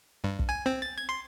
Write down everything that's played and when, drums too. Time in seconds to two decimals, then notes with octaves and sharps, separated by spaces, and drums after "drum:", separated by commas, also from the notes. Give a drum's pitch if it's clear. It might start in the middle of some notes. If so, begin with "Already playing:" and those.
0.24 G2
0.39 drum: kick
0.49 G#5
0.66 C4
0.82 A6
0.98 G#6
1.09 C6